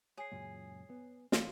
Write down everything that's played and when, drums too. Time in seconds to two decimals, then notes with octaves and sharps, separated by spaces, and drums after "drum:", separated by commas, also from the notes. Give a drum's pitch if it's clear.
0.18 G#4 C#5 G#5 C7
0.32 C#2 F#2 A#2
0.90 B3
1.32 E3 G#3 F4, drum: snare